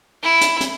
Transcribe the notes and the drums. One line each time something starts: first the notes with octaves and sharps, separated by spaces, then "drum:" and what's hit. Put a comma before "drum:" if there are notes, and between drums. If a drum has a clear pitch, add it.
E4
drum: hi-hat
drum: hi-hat